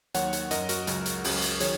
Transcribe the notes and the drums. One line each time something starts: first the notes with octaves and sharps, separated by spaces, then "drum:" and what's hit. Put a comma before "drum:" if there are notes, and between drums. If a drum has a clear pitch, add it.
D#2 D#3 F#3 C#5 F#5, drum: hi-hat
drum: hi-hat
F#2 F#3 A#4 D#5, drum: hi-hat
F#4 A#4, drum: hi-hat
C#2 C#3 F#3, drum: hi-hat
drum: hi-hat
C#2 C#3 F#3, drum: open hi-hat
drum: hi-hat
D#3 F#3 G#4 C#5, drum: hi-hat